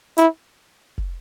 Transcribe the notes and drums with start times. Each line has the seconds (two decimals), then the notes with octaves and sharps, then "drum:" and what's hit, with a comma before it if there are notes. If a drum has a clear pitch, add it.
0.18 E4, drum: hi-hat
0.98 drum: kick